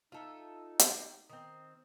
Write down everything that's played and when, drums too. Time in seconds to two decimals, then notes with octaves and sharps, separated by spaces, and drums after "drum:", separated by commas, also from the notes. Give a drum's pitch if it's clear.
0.12 D#4 F4 A4 E5
0.79 G5, drum: hi-hat
1.30 D#3 C4